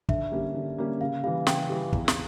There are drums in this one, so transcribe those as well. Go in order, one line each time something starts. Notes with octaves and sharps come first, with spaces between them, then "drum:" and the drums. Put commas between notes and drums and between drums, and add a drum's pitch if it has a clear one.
D3 E5, drum: kick
G3 A#3 C#4 G4
D3
G3 A#3 C#4 G4
C#3 F5
E3 G3 F5
C#3 G5, drum: snare
E3 G3
E2, drum: kick
drum: snare